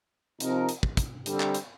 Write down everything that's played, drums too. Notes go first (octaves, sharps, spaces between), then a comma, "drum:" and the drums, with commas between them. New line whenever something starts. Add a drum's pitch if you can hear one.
C3 F3 C4 D#4 A#4, drum: hi-hat
drum: hi-hat
drum: kick
drum: kick, hi-hat
D3 G3 C4, drum: hi-hat
drum: clap
drum: hi-hat